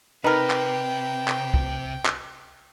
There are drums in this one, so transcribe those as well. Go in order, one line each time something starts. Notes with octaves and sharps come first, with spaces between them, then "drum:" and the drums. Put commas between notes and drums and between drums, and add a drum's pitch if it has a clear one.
C3 D#4 A#4 B4 G5
drum: clap
drum: clap
drum: kick
drum: clap